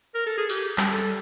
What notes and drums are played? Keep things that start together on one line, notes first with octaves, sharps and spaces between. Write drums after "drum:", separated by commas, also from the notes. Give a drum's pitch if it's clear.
A#4
A4
G#4
G4, drum: open hi-hat
G3, drum: clap
A4